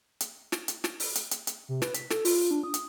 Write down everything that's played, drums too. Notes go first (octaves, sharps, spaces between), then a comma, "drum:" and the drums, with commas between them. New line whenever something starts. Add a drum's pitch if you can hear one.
drum: hi-hat
drum: snare
drum: hi-hat
drum: snare
drum: open hi-hat
drum: hi-hat
drum: hi-hat
drum: hi-hat
C3
B4, drum: snare
B6, drum: hi-hat
A4, drum: snare
F4, drum: open hi-hat
D4
D#6
drum: hi-hat